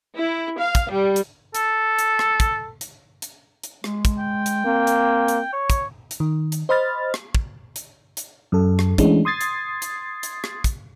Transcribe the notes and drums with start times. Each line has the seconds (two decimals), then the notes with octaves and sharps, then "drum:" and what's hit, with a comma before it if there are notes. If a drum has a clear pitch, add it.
0.16 E4
0.58 F5
0.75 drum: kick, hi-hat
0.90 G3
1.16 drum: hi-hat
1.55 A4, drum: hi-hat
1.99 drum: hi-hat
2.19 drum: rim click
2.40 drum: kick, hi-hat
2.81 drum: hi-hat
3.22 drum: hi-hat
3.63 drum: hi-hat
3.84 G#3, drum: rim click
4.05 drum: kick, hi-hat
4.19 G5
4.46 drum: hi-hat
4.65 A#3 C4
4.87 drum: hi-hat
5.28 drum: hi-hat
5.53 C#5
5.70 drum: kick, hi-hat
6.11 drum: hi-hat
6.20 D#3
6.52 drum: hi-hat
6.69 C5 D#5 B5 F6 A6
7.14 drum: rim click
7.35 drum: kick
7.76 drum: hi-hat
8.17 drum: hi-hat
8.52 F#2 A4
8.79 drum: rim click
8.98 E3 G#3 A3 C#4 D4, drum: kick, hi-hat
9.25 C6 D#6 G#6 A6 C7
9.41 drum: hi-hat
9.82 drum: hi-hat
10.23 drum: hi-hat
10.44 drum: rim click
10.64 drum: kick, hi-hat